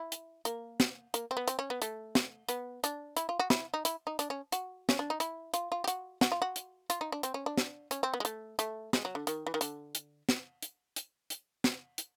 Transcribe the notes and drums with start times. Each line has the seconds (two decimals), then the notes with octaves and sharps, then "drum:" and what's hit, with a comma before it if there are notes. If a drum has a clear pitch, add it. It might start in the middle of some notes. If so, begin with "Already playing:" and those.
Already playing: E4
0.12 drum: hi-hat
0.45 A#3, drum: hi-hat
0.80 drum: snare
1.14 A#3, drum: hi-hat
1.31 C4
1.37 B3
1.48 C4, drum: hi-hat
1.59 C#4
1.70 B3
1.82 A3, drum: hi-hat
2.15 drum: snare
2.49 B3, drum: hi-hat
2.84 D4, drum: hi-hat
3.17 E4, drum: hi-hat
3.29 F4
3.40 F#4
3.50 E4, drum: snare
3.74 D#4
3.85 E4, drum: hi-hat
4.07 D#4
4.19 D4, drum: hi-hat
4.30 C#4
4.52 F#4, drum: hi-hat
4.89 C#4, drum: snare
4.99 D4
5.10 D#4
5.20 E4, drum: hi-hat
5.54 F4, drum: hi-hat
5.72 F4
5.84 G4
5.88 F#4, drum: hi-hat
6.21 F#4, drum: snare
6.32 F4
6.42 F#4
6.56 drum: hi-hat
6.90 F4, drum: hi-hat
7.01 D#4
7.12 D4
7.23 C4, drum: hi-hat
7.34 C#4
7.46 D4
7.58 drum: snare
7.91 C#4, drum: hi-hat
8.03 C4
8.14 B3
8.20 G#3
8.25 A3, drum: hi-hat
8.59 A3, drum: hi-hat
8.93 G#3, drum: snare
9.05 F#3
9.15 D3
9.27 D#3, drum: hi-hat
9.47 E3
9.54 D#3
9.61 D3, drum: hi-hat
9.95 drum: hi-hat
10.29 drum: snare
10.63 drum: hi-hat
10.96 drum: hi-hat
11.30 drum: hi-hat
11.64 drum: snare
11.98 drum: hi-hat